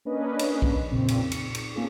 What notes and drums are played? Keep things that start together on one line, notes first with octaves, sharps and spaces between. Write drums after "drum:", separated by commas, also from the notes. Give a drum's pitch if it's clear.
A#3 C#4 D4 B4 D#5
drum: cymbal
drum: kick B1
F2 A#2 C#3 C4
drum: cymbal
C#7, drum: cymbal
drum: cymbal
A#3 C4 C#4 F4 G#4 A4